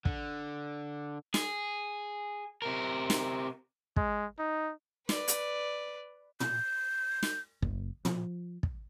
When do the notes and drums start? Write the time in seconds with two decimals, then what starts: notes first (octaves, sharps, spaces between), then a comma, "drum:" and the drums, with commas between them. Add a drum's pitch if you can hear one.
0.05 D3, drum: kick
1.34 G#4, drum: snare
2.62 C3 A#4
3.10 drum: snare
3.96 G#3, drum: kick
4.39 D#4
5.09 B4 D5, drum: snare
5.28 drum: hi-hat
6.40 G6, drum: tom
7.23 drum: snare
7.62 F#1, drum: kick
8.05 F3, drum: tom
8.63 drum: kick